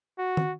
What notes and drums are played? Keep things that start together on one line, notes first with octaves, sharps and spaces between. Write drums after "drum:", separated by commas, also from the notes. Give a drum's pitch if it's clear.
F#4
drum: tom